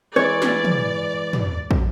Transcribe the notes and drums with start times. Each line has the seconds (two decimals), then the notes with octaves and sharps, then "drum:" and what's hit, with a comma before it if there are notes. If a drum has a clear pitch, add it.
0.16 E3 G#3 C#5 D5
0.42 drum: snare
0.64 drum: tom
1.33 drum: tom
1.71 drum: kick